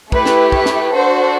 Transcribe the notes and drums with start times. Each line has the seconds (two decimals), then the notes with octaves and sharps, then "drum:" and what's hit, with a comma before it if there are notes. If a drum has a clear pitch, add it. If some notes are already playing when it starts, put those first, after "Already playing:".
0.12 A3 E4 G4 B4, drum: kick
0.26 drum: snare
0.52 B4, drum: kick
0.66 drum: snare
0.92 D4 F#4 A4 C5